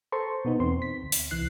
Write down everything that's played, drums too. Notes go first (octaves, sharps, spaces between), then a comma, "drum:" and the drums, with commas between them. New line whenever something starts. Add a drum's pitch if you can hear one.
A4 C5 A5 A#5 C6 C#6
B2 B3 D#4
E2 C4 C6
B6
D2
drum: open hi-hat
C2 E3 F#6 C7